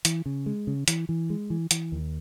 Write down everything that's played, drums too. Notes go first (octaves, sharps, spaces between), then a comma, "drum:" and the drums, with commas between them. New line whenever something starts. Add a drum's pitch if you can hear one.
E3, drum: hi-hat
C#3
G#3
C#3
E3, drum: hi-hat
E3
G#3
E3
E3, drum: hi-hat
D#2